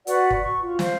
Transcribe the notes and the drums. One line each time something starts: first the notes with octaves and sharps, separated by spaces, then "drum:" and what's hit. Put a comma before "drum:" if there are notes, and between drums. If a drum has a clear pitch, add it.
F#4 B4 D5 F#5, drum: hi-hat
drum: kick
C#6
F4
C5 F5, drum: snare